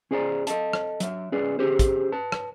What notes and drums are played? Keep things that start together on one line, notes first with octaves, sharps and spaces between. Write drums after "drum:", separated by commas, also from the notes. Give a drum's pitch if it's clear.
C#4 G#4 C5 D5 G#5 A#5
A4 D#5 A5, drum: hi-hat
drum: rim click
F#3 E5, drum: hi-hat
C#4 G#4 B4 D5
C#4 G4 G#4 C5
drum: kick, hi-hat
B4 A5
drum: rim click